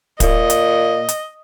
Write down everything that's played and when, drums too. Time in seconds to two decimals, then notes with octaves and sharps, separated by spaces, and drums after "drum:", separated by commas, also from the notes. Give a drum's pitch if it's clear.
0.20 A#2 D#5, drum: kick, hi-hat
0.50 drum: hi-hat
1.09 drum: hi-hat